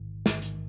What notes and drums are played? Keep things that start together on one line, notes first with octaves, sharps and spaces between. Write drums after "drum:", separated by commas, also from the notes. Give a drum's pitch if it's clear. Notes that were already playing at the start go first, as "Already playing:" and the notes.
Already playing: A1 G#2 D#3
A1 G#2 D#3, drum: snare
drum: hi-hat